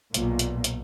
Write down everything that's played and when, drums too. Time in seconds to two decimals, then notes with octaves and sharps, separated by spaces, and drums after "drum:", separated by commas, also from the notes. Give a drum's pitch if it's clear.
0.14 B1 A#2, drum: hi-hat
0.39 drum: hi-hat
0.64 drum: hi-hat